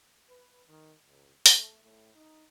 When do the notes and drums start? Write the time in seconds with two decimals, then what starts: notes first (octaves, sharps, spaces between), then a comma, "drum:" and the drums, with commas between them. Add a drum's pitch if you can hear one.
0.28 B4
0.67 D#3
1.06 C#2
1.46 A3, drum: open hi-hat
1.82 A2
2.15 D#4